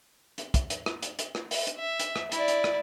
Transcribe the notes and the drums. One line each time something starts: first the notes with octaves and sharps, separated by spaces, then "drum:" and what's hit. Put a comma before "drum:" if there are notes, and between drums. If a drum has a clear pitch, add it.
drum: hi-hat
drum: kick, hi-hat
drum: hi-hat
drum: rim click
drum: hi-hat
drum: hi-hat
drum: rim click
drum: open hi-hat
drum: hi-hat
E5
drum: hi-hat
drum: rim click
E4 D5, drum: hi-hat
drum: hi-hat
drum: rim click